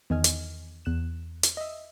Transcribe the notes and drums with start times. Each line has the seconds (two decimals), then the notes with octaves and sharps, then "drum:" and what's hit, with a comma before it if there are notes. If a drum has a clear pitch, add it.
0.10 E2 D#3 D#5 G#5 F6
0.24 drum: hi-hat
0.85 E2 F#6 E7
1.43 drum: hi-hat
1.57 D#5 E5